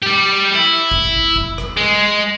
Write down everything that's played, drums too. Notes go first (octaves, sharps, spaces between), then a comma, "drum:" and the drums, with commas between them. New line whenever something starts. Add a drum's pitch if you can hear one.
G3 G4
E4
drum: kick G1
drum: kick G1
drum: rim click
G#3